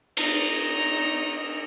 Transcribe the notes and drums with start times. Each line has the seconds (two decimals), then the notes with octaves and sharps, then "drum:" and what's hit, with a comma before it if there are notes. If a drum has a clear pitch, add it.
0.17 D#4 A#5, drum: cymbal